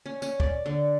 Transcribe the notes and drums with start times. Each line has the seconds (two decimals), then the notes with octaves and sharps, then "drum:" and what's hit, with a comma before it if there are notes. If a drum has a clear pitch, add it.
0.06 C#4
0.22 C#4, drum: tambourine
0.40 D5, drum: kick
0.66 D3